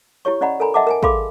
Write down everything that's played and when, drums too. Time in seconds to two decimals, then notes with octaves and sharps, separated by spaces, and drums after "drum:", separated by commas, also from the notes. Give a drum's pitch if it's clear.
0.25 E4 G4 C#5 C#6
0.41 C#4 D5 D#5 F#5 A#5 B5
0.60 A4 A#4 G#5 A#5 B5
0.74 D#5 E5 F#5 A5 D6
0.87 A#4 G5 G#5
1.03 G#4 A4 F5 B5 C6 D6, drum: kick